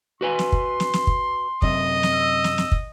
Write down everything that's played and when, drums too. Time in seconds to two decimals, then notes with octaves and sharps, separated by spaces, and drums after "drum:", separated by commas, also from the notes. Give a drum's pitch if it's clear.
0.21 F#4 B4 G#5 C6
0.39 drum: snare
0.52 drum: kick
0.80 drum: snare
0.94 drum: snare
1.07 drum: kick
1.62 F#2 C3 D#5, drum: kick
2.03 drum: snare
2.13 E6
2.44 drum: snare
2.58 drum: snare
2.72 drum: kick